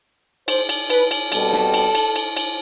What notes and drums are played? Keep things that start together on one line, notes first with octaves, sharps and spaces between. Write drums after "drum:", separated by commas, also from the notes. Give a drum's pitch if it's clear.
C5, drum: cymbal
drum: cymbal
B4, drum: cymbal
drum: cymbal
B2 G3 C4 A4, drum: cymbal
drum: snare
drum: cymbal
drum: cymbal
drum: cymbal
drum: cymbal